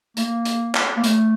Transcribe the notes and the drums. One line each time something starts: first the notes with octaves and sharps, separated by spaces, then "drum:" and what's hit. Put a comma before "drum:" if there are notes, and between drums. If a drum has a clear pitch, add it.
A#3, drum: hi-hat
drum: hi-hat
drum: clap
A#3
A3, drum: hi-hat